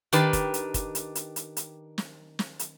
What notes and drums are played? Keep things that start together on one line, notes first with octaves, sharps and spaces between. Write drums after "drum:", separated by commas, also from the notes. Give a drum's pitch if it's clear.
D#3 D4 G4 B4, drum: hi-hat
drum: kick, hi-hat
drum: hi-hat
drum: kick, hi-hat
drum: hi-hat
drum: hi-hat
drum: hi-hat
drum: hi-hat
drum: snare
drum: snare
drum: hi-hat